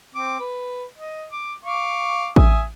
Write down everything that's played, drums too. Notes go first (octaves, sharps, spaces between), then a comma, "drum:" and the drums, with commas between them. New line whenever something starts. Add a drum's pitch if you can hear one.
C4 D6
B4
D#5
D6
F5 C#6 D6
E5 G#5 D#6, drum: kick A1